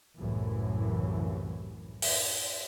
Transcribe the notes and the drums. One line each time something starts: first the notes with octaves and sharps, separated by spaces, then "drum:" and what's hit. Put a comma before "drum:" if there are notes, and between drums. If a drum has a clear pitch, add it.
C2 F#2 A2 E3
drum: open hi-hat